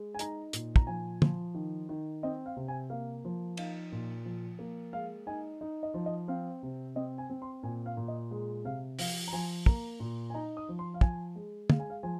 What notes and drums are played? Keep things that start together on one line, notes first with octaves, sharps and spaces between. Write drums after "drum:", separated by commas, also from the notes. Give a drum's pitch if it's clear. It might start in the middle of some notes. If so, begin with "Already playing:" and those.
Already playing: G#3
G#5
D#4 A#5, drum: hi-hat
A#2, drum: hi-hat
A#5, drum: kick
F3 G#5
F3, drum: tom
D#3
D#3
C4 D#5
F5
C3
G#5
A#3 F5
F3
D#4 F5, drum: cymbal
A#2
F3
A#3
G#3 F5
D#4 G#5
D#4
D#5
F3
D#5
C4 F5
C3
C4 D#5
G#5
C4
C6
A#2 G#5
F5
A#2
D#5
G#3
C3 F5
F3 F5, drum: open hi-hat
A#5
F3 G#5
A#3 A#5, drum: kick
A#2
G#5
D#4 A#5
D#6
F3
C6
F5
F3 G#5, drum: kick
G#3
G#3 F5, drum: tom
G#5
F5
F3 G#5